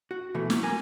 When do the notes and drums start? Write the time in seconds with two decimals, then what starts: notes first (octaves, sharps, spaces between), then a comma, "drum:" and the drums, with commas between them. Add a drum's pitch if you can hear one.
0.11 F#4
0.34 B2 E3 A3
0.50 F#3, drum: snare
0.63 A#4 G#5